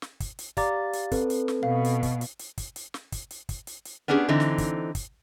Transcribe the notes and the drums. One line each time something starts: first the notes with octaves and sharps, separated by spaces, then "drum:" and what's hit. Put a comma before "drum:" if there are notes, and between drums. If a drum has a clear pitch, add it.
drum: snare
drum: kick, hi-hat
drum: hi-hat
G4 D5 F5 A#5 D6 A6, drum: kick, hi-hat
drum: hi-hat
C4 A4 B4, drum: kick, hi-hat
drum: hi-hat
drum: snare
B2 F5
drum: hi-hat
drum: kick, hi-hat
drum: hi-hat
drum: hi-hat
drum: kick, hi-hat
drum: hi-hat
drum: snare
drum: kick, hi-hat
drum: hi-hat
drum: kick, hi-hat
drum: hi-hat
drum: hi-hat
B3 C#4 D4 G4 G#4
D3 E3 C4 D#4
drum: snare
drum: kick, hi-hat
drum: kick, hi-hat